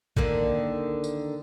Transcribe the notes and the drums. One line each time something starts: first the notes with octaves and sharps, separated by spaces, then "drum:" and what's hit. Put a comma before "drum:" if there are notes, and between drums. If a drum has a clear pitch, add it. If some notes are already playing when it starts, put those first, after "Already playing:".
D3 D#3 A#3, drum: kick A1
drum: tambourine